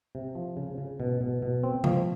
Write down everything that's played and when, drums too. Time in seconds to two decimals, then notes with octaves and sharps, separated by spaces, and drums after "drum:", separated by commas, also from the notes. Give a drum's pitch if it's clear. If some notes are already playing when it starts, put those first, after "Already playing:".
0.15 C3
0.35 F3
0.57 C#3
0.78 C#3
1.00 B2
1.21 B2
1.42 B2
1.64 C4
1.84 F3, drum: tom